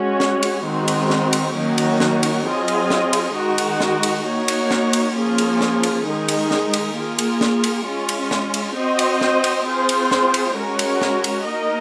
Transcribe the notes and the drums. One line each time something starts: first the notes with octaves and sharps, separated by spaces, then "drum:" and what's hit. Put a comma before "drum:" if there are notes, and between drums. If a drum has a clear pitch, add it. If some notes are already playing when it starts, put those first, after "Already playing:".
Already playing: G#3 C#4 F#4 C#5
drum: snare
drum: cymbal
D#3 G#3 C4 F#4
drum: cymbal
drum: snare
drum: cymbal
D#3 F#3 A#3 C#4 F#4
drum: cymbal
drum: snare
drum: cymbal
F#3 C4 F4 G#4 D#5
drum: cymbal
drum: snare
drum: cymbal
D#3 G#3 D#4 F#4
drum: cymbal
drum: snare
drum: cymbal
A#3 D#4 F#4 C#5
drum: cymbal
drum: snare
drum: cymbal
F3 A#3 C#4 F4 G#4
drum: cymbal
drum: snare
drum: cymbal
D#3 G#3 D#4 G#4
drum: cymbal
drum: snare
drum: cymbal
A#3 F4 G#4
drum: cymbal
drum: snare
drum: cymbal
G#3 C#4 F4
drum: cymbal
drum: snare
drum: cymbal
C4 F#4 C5 D#5
drum: cymbal
drum: snare
drum: cymbal
C4 F4 G#4 C5
drum: cymbal
drum: snare
drum: cymbal
G#3 C#4 F#4 A#4 C#5
drum: cymbal
drum: snare
drum: cymbal
A#3 D#4 A#4 D#5